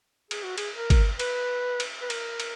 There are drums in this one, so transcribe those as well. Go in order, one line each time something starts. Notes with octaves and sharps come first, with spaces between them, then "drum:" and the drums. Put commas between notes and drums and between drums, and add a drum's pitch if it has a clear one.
G#4, drum: cymbal
F#4
G#4, drum: cymbal
A#4
drum: kick, cymbal
B4, drum: cymbal
drum: cymbal
B4
A#4, drum: cymbal
drum: cymbal